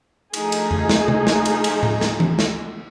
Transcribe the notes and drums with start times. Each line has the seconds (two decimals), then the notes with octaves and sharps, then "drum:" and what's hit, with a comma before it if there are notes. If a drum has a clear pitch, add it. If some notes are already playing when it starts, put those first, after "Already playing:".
0.34 F3 A3 D#4 G#4, drum: cymbal
0.52 drum: cymbal
0.71 drum: tom F2
0.89 drum: snare
1.08 drum: tom C3
1.27 drum: snare
1.45 drum: cymbal
1.64 drum: cymbal
1.83 drum: tom A2
2.01 drum: snare
2.20 drum: tom E3
2.39 drum: snare